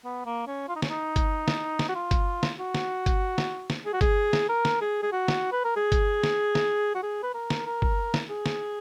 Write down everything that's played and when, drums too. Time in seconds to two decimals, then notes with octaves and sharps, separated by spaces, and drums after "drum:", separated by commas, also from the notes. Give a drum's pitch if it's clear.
0.05 B3
0.26 A#3
0.47 C#4
0.68 F4
0.76 D#4
0.82 C#4, drum: snare
0.89 D#4
1.16 drum: kick G1, hi-hat
1.48 drum: snare
1.79 drum: snare
1.89 F#4
1.95 F4
2.11 drum: kick G1, hi-hat
2.43 drum: snare
2.59 F#4
2.75 drum: snare
3.06 drum: kick G1, hi-hat
3.38 drum: snare
3.70 drum: snare
3.86 G#4
3.93 F#4
4.01 G#4, drum: kick G1, hi-hat
4.33 drum: snare
4.49 A#4
4.65 drum: snare
4.81 G#4
5.03 G#4
5.12 F#4
5.28 drum: snare
5.52 B4
5.64 A#4
5.76 G#4
5.92 drum: kick G1, hi-hat
6.23 drum: snare
6.55 drum: snare
6.95 F#4
7.03 G#4
7.23 B4
7.34 A#4
7.50 drum: snare
7.66 A#4
7.82 drum: kick G1
8.14 drum: snare
8.30 G#4
8.46 drum: snare